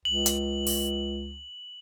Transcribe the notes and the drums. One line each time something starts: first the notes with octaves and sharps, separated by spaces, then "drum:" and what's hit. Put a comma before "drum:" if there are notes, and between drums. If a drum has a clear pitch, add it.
C#2 F#7
drum: hi-hat
drum: open hi-hat